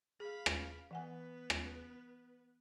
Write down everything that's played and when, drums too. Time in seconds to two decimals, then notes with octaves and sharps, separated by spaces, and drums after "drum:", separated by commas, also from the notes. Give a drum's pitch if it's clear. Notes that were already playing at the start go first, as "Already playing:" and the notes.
0.20 G#4 F5 B5
0.46 drum: rim click
0.91 E3 B3 B4 F#5 G#5
1.50 drum: rim click